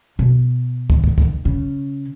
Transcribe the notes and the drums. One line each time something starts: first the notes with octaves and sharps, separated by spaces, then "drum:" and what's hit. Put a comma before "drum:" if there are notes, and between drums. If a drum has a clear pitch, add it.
B2
drum: kick
drum: kick
drum: kick
C#3